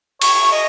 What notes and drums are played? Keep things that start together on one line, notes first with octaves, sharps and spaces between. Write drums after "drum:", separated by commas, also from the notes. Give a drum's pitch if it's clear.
C#5, drum: cymbal
D#5